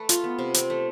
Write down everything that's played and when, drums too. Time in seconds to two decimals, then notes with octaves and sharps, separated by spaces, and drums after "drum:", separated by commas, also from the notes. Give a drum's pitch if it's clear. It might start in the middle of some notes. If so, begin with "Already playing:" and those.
Already playing: A3 B4
0.09 F4, drum: hi-hat
0.24 B3
0.39 C3
0.54 C4, drum: hi-hat
0.70 A3